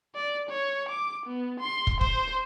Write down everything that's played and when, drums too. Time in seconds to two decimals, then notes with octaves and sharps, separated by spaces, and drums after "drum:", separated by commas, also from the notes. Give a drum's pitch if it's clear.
0.15 D5
0.49 C#5
0.89 D6
1.26 B3
1.60 C6
1.87 drum: kick
2.01 C5, drum: kick